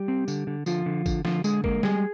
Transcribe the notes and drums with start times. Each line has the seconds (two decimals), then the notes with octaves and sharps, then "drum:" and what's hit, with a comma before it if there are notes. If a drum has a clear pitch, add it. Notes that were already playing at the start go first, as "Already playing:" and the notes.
Already playing: G3 G4
0.08 C4
0.28 D3, drum: tambourine
0.47 D3
0.66 D3 F3 F4, drum: tambourine
0.86 D3
1.06 D3, drum: kick, tambourine
1.25 D3 F3 F4, drum: snare
1.44 D3 G#3 G#4, drum: tambourine
1.64 G#3 A#3 A#4, drum: kick
1.83 G3 G#4 G#5, drum: snare